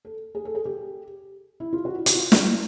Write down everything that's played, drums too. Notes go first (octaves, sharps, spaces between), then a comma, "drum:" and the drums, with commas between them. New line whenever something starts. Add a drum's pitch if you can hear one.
A4
G#4
A4
G#4
G4
E4
F4
F#4
F#4, drum: hi-hat
F4
drum: snare
E4